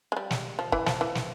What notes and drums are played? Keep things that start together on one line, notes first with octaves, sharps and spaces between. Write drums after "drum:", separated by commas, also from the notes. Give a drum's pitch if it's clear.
G#3
G3
drum: snare
F3
E3, drum: kick
F3, drum: snare
E3
drum: snare